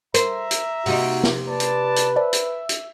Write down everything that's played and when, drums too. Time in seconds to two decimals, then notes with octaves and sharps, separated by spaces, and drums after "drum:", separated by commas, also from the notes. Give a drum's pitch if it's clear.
0.14 A#4 C5 E5 A#5, drum: hi-hat
0.51 drum: hi-hat
0.86 C3 A#3 D#4 F#4, drum: open hi-hat
1.23 drum: snare
1.47 B4 D5 A5
1.60 drum: hi-hat
1.96 drum: hi-hat
2.16 C5 D5 E5 A5
2.33 drum: hi-hat
2.69 drum: hi-hat